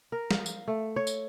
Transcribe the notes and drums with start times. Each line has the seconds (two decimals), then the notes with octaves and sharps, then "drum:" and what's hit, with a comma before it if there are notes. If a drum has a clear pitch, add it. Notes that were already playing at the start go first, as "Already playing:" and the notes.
0.12 A#4
0.31 F5, drum: snare
0.46 drum: tambourine
0.68 A3
0.96 C#5
1.07 drum: tambourine